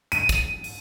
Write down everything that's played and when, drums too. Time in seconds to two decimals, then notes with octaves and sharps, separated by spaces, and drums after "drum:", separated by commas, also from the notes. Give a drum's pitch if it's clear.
0.12 D#7, drum: hi-hat
0.29 drum: kick, hi-hat
0.64 drum: open hi-hat